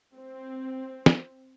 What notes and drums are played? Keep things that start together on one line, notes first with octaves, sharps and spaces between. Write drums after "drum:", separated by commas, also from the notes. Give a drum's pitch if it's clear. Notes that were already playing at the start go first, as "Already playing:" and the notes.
C4
drum: snare